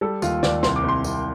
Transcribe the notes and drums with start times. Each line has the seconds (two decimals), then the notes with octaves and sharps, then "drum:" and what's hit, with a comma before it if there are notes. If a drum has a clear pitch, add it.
0.01 G3 A4
0.22 D#2 F4, drum: tambourine
0.43 D#2 D5, drum: snare
0.63 C2 C6, drum: snare
0.76 D6
0.84 C2
0.89 C6
1.04 C2, drum: tambourine